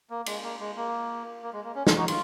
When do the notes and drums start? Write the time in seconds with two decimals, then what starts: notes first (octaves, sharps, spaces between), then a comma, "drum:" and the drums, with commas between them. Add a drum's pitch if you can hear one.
0.10 A#3
0.26 G#3, drum: cymbal
0.43 A#3
0.60 G#3
0.77 A#3
1.43 A#3
1.53 G#3
1.64 A#3
1.75 C#4
1.87 F4, drum: snare
1.97 D#4 F#4
2.08 F4, drum: cymbal